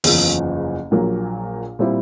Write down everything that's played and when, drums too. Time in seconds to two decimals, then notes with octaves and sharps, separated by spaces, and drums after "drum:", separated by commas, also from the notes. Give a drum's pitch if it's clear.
0.04 F#1 E2 C#3 F3, drum: open hi-hat
0.91 A#1 A#2 F#3 A#3
1.79 A#2 G3 C4 E4